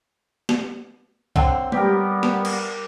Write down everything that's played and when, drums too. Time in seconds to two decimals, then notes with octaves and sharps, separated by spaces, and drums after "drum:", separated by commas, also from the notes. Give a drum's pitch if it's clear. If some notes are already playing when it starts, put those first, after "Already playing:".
0.49 drum: snare
1.36 D3 F#3 C4, drum: kick B1
1.72 G3 B3 G4 A#4, drum: tom G#3
2.23 drum: snare
2.45 drum: cymbal